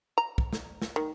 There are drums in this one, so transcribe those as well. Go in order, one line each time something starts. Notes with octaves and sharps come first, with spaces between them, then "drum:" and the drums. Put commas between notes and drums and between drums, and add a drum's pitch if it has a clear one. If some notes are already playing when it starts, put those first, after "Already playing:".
A#5
drum: kick
drum: snare
drum: snare
D#3